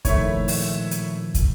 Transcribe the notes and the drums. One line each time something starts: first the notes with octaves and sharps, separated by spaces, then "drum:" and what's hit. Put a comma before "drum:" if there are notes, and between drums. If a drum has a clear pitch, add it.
A#2 D#3 F3 A3 E4 C#5, drum: kick, hi-hat
drum: open hi-hat
drum: hi-hat
drum: kick, hi-hat